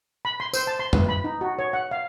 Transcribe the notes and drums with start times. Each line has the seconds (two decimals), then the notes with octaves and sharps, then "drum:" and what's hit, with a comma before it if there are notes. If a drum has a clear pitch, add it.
0.25 B5
0.40 C6
0.54 C5, drum: tambourine
0.67 A5
0.79 C6
0.93 B4, drum: tom F#2
1.09 B5
1.24 D#4
1.41 F#4
1.59 C#5
1.73 F#5
1.91 F5